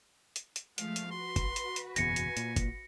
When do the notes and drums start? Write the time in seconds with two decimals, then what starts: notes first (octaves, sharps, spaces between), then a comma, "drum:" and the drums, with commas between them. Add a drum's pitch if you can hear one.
0.36 drum: hi-hat
0.56 drum: hi-hat
0.78 F3 G#3 A3 F5, drum: hi-hat
0.96 drum: hi-hat
1.11 F#4 B4 C6
1.36 drum: kick, hi-hat
1.56 drum: hi-hat
1.76 drum: hi-hat
1.96 F#1 E2 B2 G#5 A#6 C#7, drum: hi-hat
2.16 drum: hi-hat
2.37 A#2, drum: hi-hat
2.56 drum: kick, hi-hat